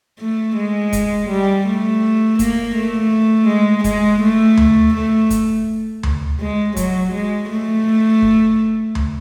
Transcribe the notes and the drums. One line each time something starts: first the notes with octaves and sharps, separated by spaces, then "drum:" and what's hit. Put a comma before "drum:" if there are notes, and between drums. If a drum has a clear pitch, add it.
A3
G#3
drum: kick, hi-hat
G3
A3
A#3, drum: kick, hi-hat
A3
G#3
G#3, drum: kick, hi-hat
A3
drum: tom D2
A3
drum: kick, hi-hat
drum: tom D2
G#3
F#3, drum: kick, hi-hat
G#3
A3
drum: kick
drum: tom D2